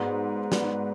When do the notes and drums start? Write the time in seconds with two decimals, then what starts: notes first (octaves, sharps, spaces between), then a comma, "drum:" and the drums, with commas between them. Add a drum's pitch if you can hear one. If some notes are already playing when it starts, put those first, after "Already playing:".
Already playing: G#2 G#3 B3 F#4 B4 D5
0.52 G#3 B3 F#4 B4 D5, drum: snare